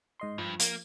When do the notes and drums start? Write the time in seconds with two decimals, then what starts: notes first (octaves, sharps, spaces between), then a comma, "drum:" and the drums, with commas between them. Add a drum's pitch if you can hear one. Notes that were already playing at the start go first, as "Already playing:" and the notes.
0.20 G#2 D#5 C6
0.38 G2 F3
0.60 A#3, drum: hi-hat